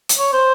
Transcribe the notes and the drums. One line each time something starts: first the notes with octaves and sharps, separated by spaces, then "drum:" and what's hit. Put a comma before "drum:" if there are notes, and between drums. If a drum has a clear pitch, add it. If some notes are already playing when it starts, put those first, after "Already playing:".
drum: hi-hat
C#5
C5